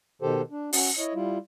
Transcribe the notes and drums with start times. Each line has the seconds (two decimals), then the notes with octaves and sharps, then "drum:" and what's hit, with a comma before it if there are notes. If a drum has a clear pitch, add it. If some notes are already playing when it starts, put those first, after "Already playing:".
0.22 B2 D#3 G4 A4 C5
0.51 D4
0.73 C#4 F#4, drum: open hi-hat
0.98 E4 C#5 D#5
1.15 G3 E4 F4